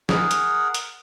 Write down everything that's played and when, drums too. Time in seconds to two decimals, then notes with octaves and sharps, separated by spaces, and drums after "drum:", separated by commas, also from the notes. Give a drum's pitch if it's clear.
0.09 G#4 A#4 F#5, drum: snare
0.31 drum: hi-hat
0.74 drum: hi-hat